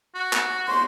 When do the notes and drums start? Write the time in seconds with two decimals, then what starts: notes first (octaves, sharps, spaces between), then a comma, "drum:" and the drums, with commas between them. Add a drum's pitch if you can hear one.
0.15 F#4
0.33 drum: clap
0.68 F#4 C6, drum: cymbal